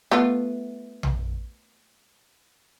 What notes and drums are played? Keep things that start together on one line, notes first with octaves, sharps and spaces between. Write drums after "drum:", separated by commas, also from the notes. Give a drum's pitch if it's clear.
A3 B3 F4
drum: tom A#1